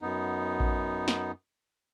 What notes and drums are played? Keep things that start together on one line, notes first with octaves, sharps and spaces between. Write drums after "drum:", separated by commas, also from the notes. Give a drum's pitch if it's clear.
F#2 B3 D#4
drum: kick A1
drum: snare